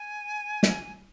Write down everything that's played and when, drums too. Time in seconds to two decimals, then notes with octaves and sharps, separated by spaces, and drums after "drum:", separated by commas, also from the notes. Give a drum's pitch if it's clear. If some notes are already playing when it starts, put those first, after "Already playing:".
Already playing: G#5
0.63 drum: snare